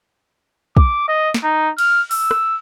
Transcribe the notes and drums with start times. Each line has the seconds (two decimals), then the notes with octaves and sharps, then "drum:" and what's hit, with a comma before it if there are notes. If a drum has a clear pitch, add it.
0.77 D6, drum: kick
1.08 D#5
1.34 drum: snare
1.43 D#4
1.78 F6, drum: cymbal
2.11 E6, drum: open hi-hat
2.31 drum: rim click